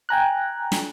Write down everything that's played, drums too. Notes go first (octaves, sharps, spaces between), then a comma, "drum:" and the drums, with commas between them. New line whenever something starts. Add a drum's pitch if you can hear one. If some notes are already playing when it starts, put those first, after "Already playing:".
G5 G#5 A#5 F#6
drum: snare